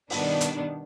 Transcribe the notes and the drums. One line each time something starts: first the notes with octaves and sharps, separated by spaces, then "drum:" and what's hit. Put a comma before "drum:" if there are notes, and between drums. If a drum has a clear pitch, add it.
G2 B2 D#3 B3 D4, drum: open hi-hat
drum: hi-hat